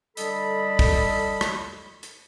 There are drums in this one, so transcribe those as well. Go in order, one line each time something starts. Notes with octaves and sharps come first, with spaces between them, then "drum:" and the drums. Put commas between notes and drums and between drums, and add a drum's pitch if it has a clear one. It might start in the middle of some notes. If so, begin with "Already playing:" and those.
D3 G3 A4 D#5 A5 B5, drum: hi-hat
drum: kick, open hi-hat
drum: rim click
drum: hi-hat